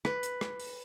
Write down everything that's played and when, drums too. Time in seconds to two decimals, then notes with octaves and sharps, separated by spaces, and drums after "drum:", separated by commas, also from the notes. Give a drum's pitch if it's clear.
0.05 B4, drum: rim click
0.23 drum: hi-hat
0.41 drum: rim click
0.60 drum: open hi-hat